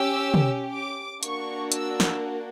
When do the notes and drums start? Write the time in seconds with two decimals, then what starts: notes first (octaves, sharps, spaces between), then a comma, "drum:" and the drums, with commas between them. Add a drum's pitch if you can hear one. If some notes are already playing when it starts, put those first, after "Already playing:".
Already playing: C#4 G4 E6
0.34 drum: tom
0.73 D6
1.23 A#3 D4 F#4 C#6, drum: hi-hat
1.72 E6, drum: hi-hat
2.00 drum: snare